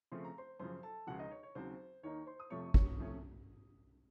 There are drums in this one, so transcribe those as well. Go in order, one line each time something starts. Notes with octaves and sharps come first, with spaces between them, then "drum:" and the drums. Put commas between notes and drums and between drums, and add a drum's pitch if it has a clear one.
C#3 F3 A3 C4 C6
A#5
C5 C6
F#2 C#3 F3 C5 C6
A4 A5
C#2 C#3 F3 F#4 F#5
D#4 D#5
C#5
C#5
D#2 C#3 F#3 C4 C5
D#2 D#3 A#3 D#4 C#5
C5 C6
D#6
F2 C3 F3 A3 C#5 C#6
C#5 C#6, drum: kick
C3 F3 A3 C#4